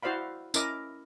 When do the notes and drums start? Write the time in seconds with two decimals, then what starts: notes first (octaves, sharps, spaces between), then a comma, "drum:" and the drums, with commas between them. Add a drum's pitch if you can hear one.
0.03 E4 F#4 C5 D5 F5 B5
0.54 C#4 E4 A#4 D#5 D6, drum: tambourine